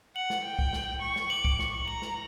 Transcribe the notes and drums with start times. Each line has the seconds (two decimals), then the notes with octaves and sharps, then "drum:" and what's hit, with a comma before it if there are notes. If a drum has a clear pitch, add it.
0.15 F#5 F#7
0.30 drum: snare
0.44 G5
0.59 drum: kick C2
0.73 drum: snare
1.02 C#6
1.16 drum: snare
1.30 D6 F#7
1.45 drum: kick C2
1.59 C#6, drum: snare
1.87 A#5 F#7
2.02 drum: snare